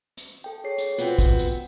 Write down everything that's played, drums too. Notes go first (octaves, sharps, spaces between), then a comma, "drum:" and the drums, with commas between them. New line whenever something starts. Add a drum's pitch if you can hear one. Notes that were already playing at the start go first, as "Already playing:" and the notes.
drum: hi-hat
A4 G5
G#4 C#5 C7
drum: hi-hat
B3 C4 F4 F#4, drum: hi-hat
drum: kick, hi-hat
drum: hi-hat